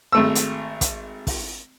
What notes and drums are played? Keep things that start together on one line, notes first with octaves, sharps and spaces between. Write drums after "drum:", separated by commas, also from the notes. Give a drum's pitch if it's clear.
G#1 A3 E6
drum: hi-hat
drum: kick, hi-hat
drum: kick, open hi-hat